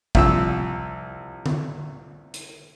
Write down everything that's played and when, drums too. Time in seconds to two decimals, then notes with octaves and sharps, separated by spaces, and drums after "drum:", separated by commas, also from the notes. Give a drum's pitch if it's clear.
0.15 C2 F3 E6, drum: kick
1.46 drum: tom D3
2.34 drum: hi-hat